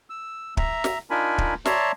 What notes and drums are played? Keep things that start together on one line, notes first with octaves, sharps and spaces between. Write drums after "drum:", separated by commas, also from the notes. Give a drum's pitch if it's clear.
E6
E5 A#5, drum: kick
drum: snare
D4 D#4 F4 A#4 G#5 B5
drum: kick
C#5 D5 E5 A5 A#5 C6, drum: snare